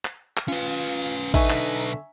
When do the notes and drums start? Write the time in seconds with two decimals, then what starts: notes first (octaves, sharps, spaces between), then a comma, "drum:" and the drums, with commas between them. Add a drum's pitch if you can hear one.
0.05 drum: clap
0.37 drum: clap
0.48 C#4 F4 B4
0.69 drum: tambourine
1.02 drum: tambourine
1.34 B1 D3 D#4 B4 E5 G#5 C#6, drum: kick, tambourine
1.50 drum: clap
1.66 drum: tambourine